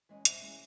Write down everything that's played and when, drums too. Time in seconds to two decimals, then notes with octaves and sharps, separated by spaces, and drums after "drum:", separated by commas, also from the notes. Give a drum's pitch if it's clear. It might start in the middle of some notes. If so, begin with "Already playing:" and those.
0.09 E3 G#3 C#4
0.25 C3 E5, drum: hi-hat
0.42 E3 G#3 C#4